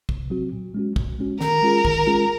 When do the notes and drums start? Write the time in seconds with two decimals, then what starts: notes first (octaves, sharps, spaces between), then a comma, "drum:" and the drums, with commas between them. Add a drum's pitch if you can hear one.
0.09 C3, drum: kick
0.30 F#3 C4 F#4
0.52 A#2
0.74 G#3 C#4 F#4
0.96 A#2, drum: kick
1.19 G#3 C#4 F#4
1.41 D#3 A#4, drum: snare
1.63 G#3 C#4 F4 G#4
1.85 D#3, drum: kick
2.07 G#3 C#4 F4 G#4